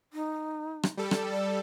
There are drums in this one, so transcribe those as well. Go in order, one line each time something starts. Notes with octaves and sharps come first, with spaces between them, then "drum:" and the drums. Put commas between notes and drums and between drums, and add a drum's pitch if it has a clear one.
D#4
drum: rim click
G3 A4
drum: rim click
D5